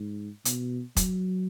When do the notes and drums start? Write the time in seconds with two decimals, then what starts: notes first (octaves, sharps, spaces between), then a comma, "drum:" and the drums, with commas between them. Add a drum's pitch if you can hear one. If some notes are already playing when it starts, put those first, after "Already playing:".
Already playing: G#2
0.45 B2, drum: hi-hat
0.97 F#3, drum: kick F1, hi-hat